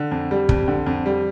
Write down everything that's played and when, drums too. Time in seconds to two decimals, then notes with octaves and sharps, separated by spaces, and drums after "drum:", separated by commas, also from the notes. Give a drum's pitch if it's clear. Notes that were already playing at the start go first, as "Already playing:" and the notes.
Already playing: D3
0.12 F2
0.31 G3
0.49 F2, drum: kick
0.68 D3
0.87 F2
1.06 G3